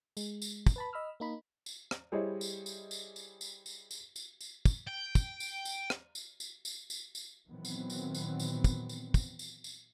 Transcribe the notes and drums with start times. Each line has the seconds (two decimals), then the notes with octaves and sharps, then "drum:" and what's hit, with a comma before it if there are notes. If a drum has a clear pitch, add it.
0.17 G#3, drum: tambourine
0.42 drum: tambourine
0.67 drum: kick, tambourine
0.76 B4 A5 B5
0.93 D#5 B5 E6 F6
1.20 A#3 D#4 B5
1.66 drum: tambourine
1.91 drum: rim click
2.12 G3 E4 G#4 C5 C#5 D#5
2.41 drum: tambourine
2.66 drum: tambourine
2.91 drum: tambourine
3.16 drum: tambourine
3.41 drum: tambourine
3.66 drum: tambourine
3.91 drum: tambourine
4.16 drum: tambourine
4.41 drum: tambourine
4.65 drum: kick, tambourine
4.87 G5
5.15 drum: kick, tambourine
5.40 drum: tambourine
5.65 drum: tambourine
5.90 drum: rim click
6.15 drum: tambourine
6.40 drum: tambourine
6.65 drum: tambourine
6.90 drum: tambourine
7.15 drum: tambourine
7.48 A#2 D#3 E3 F#3 B3 C4
7.65 drum: tambourine
7.90 drum: tambourine
8.15 drum: tambourine
8.39 drum: tambourine
8.64 drum: kick, tambourine
8.89 drum: tambourine
9.14 drum: kick, tambourine
9.39 drum: tambourine
9.64 drum: tambourine